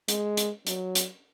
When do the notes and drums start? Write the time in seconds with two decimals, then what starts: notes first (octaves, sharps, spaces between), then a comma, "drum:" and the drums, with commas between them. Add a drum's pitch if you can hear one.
0.08 G#3, drum: hi-hat
0.37 drum: hi-hat
0.67 F#3, drum: hi-hat
0.95 drum: hi-hat